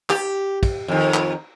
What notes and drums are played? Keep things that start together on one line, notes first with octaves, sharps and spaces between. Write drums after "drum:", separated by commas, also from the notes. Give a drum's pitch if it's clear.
G4, drum: clap
drum: kick, cymbal
F2 D#3
drum: clap